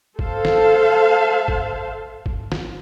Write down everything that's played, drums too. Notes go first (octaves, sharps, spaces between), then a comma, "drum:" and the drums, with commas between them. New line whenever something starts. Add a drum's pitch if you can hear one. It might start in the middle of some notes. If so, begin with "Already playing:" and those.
A4 C5 F5 A5, drum: kick G1
drum: snare
drum: kick G1
drum: kick G1
drum: snare